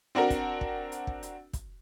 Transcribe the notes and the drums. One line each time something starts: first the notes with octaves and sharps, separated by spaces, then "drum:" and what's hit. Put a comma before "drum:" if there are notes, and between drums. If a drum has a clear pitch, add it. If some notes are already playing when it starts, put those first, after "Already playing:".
C4 D4 F#4 A#4
drum: kick, hi-hat
drum: kick
drum: hi-hat
drum: kick
drum: hi-hat
drum: kick, hi-hat